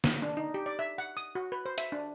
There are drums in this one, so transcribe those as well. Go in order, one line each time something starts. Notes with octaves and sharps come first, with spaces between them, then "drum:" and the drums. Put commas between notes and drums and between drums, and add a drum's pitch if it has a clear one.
drum: snare
D4
D#4
G4
D5
E5
F#5
D#6
F#4
B4
C5
E5, drum: hi-hat
D4